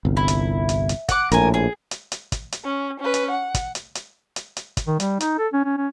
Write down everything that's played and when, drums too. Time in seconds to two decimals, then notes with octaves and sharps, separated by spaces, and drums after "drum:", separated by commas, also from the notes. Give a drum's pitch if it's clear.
0.05 G1 C2
0.17 E4
0.28 drum: hi-hat
0.69 drum: hi-hat
0.89 drum: hi-hat
1.09 F#5 D6, drum: kick, hi-hat
1.32 A#1 A2 A#4 G#5, drum: hi-hat
1.54 G#4
1.91 drum: hi-hat
2.12 drum: hi-hat
2.32 drum: kick, hi-hat
2.52 drum: hi-hat
2.64 C#4
3.00 C#4 B4
3.14 drum: hi-hat
3.31 F#5
3.54 drum: kick, hi-hat
3.75 drum: hi-hat
3.95 drum: hi-hat
4.36 drum: hi-hat
4.57 drum: hi-hat
4.77 drum: kick, hi-hat
4.87 D#3
5.00 G3, drum: hi-hat
5.20 D#4, drum: hi-hat
5.38 A4
5.53 C#4
5.65 C#4
5.77 C#4